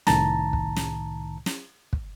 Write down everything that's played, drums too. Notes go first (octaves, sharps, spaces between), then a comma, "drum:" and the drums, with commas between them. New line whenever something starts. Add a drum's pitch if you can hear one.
C2 A2 D#3 A5 A#5, drum: snare
drum: kick
drum: snare
drum: snare
drum: kick